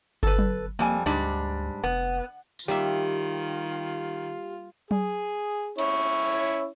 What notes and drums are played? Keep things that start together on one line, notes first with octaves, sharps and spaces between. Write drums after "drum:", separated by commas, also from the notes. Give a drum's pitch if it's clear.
G1 A4 B4, drum: kick G1
drum: tom F#3
F2 G3 A#3 G#5
D2 G#2 G3 D4
F1 B3
drum: tambourine
D#3 G3 A#3 F4 G4 E5
G#4, drum: tom F#3
C#4 E4 C#5, drum: hi-hat